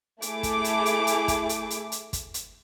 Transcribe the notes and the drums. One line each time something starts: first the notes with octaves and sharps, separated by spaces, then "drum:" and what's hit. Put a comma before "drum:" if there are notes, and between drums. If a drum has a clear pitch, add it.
A3 E4 G#4 D6, drum: hi-hat
drum: kick, hi-hat
drum: hi-hat
drum: hi-hat
drum: hi-hat
drum: kick, hi-hat
drum: hi-hat
drum: hi-hat
drum: hi-hat
drum: kick, hi-hat
drum: hi-hat